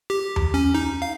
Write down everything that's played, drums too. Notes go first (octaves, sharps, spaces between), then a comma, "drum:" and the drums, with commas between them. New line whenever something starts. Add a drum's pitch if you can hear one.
G4
drum: tom E2
C#4
D#4
F5